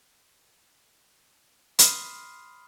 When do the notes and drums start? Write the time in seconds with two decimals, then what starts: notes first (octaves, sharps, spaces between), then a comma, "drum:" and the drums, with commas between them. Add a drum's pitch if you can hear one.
1.79 B5 C6 D#6 F6 C7, drum: hi-hat